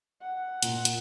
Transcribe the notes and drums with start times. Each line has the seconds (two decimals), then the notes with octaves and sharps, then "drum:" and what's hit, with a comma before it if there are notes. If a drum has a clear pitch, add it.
0.21 F#5
0.63 A#2, drum: hi-hat
0.85 drum: hi-hat